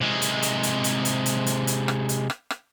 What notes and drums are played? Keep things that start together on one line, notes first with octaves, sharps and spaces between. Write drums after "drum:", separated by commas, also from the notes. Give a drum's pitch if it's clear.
C3 G#3
drum: hi-hat
drum: hi-hat
drum: hi-hat
drum: hi-hat
drum: hi-hat
drum: hi-hat
drum: hi-hat
drum: hi-hat
drum: rim click
drum: hi-hat
drum: rim click
drum: rim click